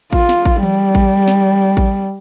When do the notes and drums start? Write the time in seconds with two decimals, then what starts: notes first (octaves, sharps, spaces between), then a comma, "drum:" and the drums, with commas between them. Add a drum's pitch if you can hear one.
0.13 F4, drum: kick A1
0.29 drum: snare
0.45 drum: kick A1
0.63 G3, drum: tom E3
0.95 drum: kick A1
1.28 drum: snare
1.77 drum: kick A1